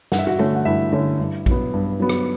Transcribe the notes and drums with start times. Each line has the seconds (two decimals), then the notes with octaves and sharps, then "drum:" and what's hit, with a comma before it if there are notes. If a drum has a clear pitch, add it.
0.12 G2 F#5, drum: snare
0.19 E5
0.27 F#4 F#5
0.39 D3 A3 C#4
0.55 F#5
0.65 G2 E4 E5
0.93 D3 A3 C#4
1.19 G2
1.46 F#3 B3, drum: kick A#1
1.74 G2
2.00 F#3 B3
2.09 drum: rim click